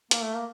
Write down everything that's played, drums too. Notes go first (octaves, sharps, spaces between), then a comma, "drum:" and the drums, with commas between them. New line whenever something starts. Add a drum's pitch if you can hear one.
A#3, drum: hi-hat
A3
A#3